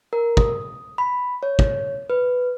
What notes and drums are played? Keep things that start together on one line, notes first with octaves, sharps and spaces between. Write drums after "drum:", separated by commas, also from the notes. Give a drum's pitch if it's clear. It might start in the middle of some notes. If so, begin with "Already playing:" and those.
A#4
D#6, drum: kick
B5
C#5
drum: kick
B4